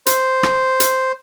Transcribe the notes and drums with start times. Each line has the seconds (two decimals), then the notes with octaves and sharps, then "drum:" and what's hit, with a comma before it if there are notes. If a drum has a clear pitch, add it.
0.06 C5, drum: hi-hat
0.43 drum: rim click
0.80 drum: hi-hat